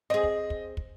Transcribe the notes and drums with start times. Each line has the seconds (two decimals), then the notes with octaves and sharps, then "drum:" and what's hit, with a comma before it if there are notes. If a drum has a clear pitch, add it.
0.10 C4 G#4 D#5
0.23 drum: kick
0.50 drum: kick
0.77 drum: kick